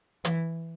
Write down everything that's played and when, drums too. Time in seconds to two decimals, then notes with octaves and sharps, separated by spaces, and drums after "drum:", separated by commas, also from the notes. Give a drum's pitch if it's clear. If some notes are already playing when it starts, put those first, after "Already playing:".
0.25 E3, drum: hi-hat